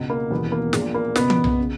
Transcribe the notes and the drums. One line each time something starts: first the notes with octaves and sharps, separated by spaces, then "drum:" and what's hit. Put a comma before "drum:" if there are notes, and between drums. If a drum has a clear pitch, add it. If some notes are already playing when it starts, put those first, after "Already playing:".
Already playing: C#2 B2
A#3
E1 D#2 C#3 E3 B3
A#3
A#1 G#3, drum: snare
A#2
A#3
C#2 B2 B3, drum: snare
drum: tom
drum: tom B1
C#3